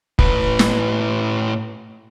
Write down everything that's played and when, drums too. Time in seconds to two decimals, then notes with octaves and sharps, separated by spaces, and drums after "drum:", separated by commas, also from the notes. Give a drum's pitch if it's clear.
0.19 A2 B4, drum: kick
0.59 drum: snare